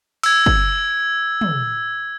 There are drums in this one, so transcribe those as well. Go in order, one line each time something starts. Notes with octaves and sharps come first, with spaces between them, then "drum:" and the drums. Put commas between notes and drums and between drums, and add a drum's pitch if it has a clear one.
E6 G#6, drum: cymbal
drum: kick G1
drum: tom